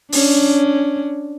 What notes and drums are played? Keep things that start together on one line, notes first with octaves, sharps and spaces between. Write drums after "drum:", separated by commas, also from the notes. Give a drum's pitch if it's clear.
C#4 D4, drum: open hi-hat